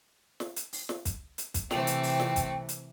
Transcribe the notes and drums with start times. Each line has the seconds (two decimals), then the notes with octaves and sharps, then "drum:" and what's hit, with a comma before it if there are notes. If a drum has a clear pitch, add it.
0.40 drum: snare
0.56 drum: hi-hat
0.73 drum: open hi-hat
0.89 drum: snare
1.05 drum: kick, hi-hat
1.38 drum: hi-hat
1.54 drum: kick, hi-hat
1.71 C3 E3 A3 C4 G5, drum: snare
1.87 drum: hi-hat
2.03 drum: open hi-hat
2.20 drum: snare
2.36 drum: kick, hi-hat
2.69 drum: hi-hat